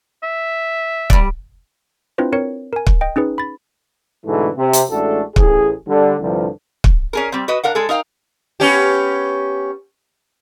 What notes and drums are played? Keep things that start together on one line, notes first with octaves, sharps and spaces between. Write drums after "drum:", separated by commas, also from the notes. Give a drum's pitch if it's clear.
E5
G3 D5, drum: kick
C4 D4 E4 F4 B4 C5
C4 A#4 C#5 C#7
A#4 G#5
drum: kick
D#5 G5
C#4 D#4 G#4 B4
B5 A6
G#2 B2 D3 E3 A3
C3
drum: hi-hat
A1 G#3 A3 D4 F#4 A4
A1 G#4, drum: kick
D3 G3
C2 G2 D3 F3
drum: kick
C#4 G#4 A#4
G3 C4
F#4 B4 D#5
D4 A#4 F5 F#5
G#3 G#4 A4
D#4 A#4 F5 G5
B3 C#4 G4